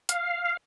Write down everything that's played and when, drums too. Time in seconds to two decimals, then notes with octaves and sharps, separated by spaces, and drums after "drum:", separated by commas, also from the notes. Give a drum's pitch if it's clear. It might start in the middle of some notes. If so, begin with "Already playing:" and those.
0.09 F5, drum: hi-hat